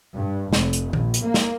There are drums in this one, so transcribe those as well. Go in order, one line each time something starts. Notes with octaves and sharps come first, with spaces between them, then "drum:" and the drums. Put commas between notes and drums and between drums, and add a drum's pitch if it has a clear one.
G2
F1, drum: snare
drum: hi-hat
A#1, drum: tom
drum: hi-hat
A#3
drum: snare